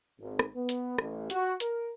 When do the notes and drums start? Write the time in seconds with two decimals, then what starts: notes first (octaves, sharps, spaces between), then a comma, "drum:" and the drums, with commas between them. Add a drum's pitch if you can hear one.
0.18 G#1
0.39 drum: rim click
0.55 B3
0.69 drum: hi-hat
0.98 A1, drum: rim click
1.30 F#4, drum: hi-hat
1.60 A#4, drum: hi-hat